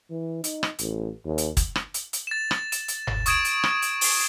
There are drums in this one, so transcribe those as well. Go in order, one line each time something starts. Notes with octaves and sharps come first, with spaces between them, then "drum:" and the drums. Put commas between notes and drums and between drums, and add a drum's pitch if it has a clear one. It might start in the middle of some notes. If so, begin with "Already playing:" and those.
E3
D#4, drum: hi-hat
drum: rim click
A1, drum: hi-hat
D#2
drum: hi-hat
drum: kick, hi-hat
drum: rim click
drum: hi-hat
drum: hi-hat
A6 E7
drum: rim click
E7, drum: hi-hat
drum: hi-hat
drum: tom F#1
C#6 D#6 G#6 D7 E7, drum: hi-hat
drum: hi-hat
drum: rim click
drum: hi-hat
drum: open hi-hat